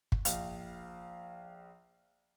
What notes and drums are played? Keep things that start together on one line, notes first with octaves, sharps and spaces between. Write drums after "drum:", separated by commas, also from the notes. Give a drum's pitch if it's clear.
drum: kick
A#1 F5, drum: hi-hat